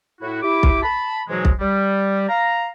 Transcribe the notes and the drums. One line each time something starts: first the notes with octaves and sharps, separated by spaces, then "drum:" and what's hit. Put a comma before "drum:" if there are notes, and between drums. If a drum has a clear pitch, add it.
A2 E4 F#4
E4 G4 D6
drum: kick B1
A5 B5
G#2 B2 E3 F#3 G#3
drum: kick B1
G3
F5 A#5